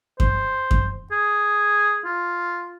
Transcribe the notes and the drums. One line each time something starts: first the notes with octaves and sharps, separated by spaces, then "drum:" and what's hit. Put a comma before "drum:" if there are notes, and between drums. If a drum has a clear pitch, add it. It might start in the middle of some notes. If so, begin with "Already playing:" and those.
C5, drum: kick F#2
drum: kick F#2
G#4
F4